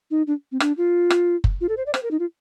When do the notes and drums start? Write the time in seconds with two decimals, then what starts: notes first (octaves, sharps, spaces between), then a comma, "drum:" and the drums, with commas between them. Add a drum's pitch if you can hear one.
0.11 D#4
0.27 D4
0.52 C4
0.60 D4, drum: rim click
0.77 F4
1.10 drum: rim click
1.44 drum: kick F#1
1.61 F4
1.69 A4
1.77 C5
1.86 D5
1.94 C5, drum: rim click
2.03 A#4
2.11 D#4
2.19 F4